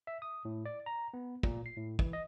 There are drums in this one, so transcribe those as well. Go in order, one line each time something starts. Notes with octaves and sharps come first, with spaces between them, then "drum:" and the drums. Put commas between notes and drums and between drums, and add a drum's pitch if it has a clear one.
E5
D#6
A2
D5
A#5
B3
A#2, drum: kick
C7
A2
E3, drum: kick
D#5